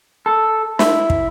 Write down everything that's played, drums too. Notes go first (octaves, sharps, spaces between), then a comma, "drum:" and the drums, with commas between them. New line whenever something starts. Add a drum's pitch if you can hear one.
A4
E4, drum: snare
drum: kick